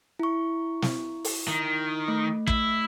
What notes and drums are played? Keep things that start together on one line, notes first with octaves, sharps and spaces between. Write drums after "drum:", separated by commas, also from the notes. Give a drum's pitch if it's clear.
E4 C#6
drum: snare
drum: open hi-hat
D#3
A3
E4, drum: kick